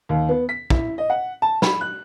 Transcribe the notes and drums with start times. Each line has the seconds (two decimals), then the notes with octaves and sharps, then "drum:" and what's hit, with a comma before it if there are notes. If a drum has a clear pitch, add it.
0.09 D#2
0.29 B3
0.49 B6
0.70 E4, drum: kick
0.98 D#5
1.10 F#5
1.42 A5
1.62 B5, drum: snare
1.81 F#6